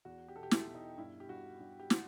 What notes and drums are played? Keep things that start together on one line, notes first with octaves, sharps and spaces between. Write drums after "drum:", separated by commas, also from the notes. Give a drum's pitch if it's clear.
E2 F#4
G4
B2 A4
G4
E4, drum: snare
B2
D#4
G2 E4
G4
G2 F#4
G2
G4
F#4, drum: snare